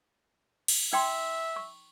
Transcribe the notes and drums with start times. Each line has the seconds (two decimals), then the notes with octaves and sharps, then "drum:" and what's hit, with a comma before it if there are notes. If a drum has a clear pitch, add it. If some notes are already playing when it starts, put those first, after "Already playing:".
0.68 drum: cymbal
0.93 D#4 E5 G5 C6
1.56 C#6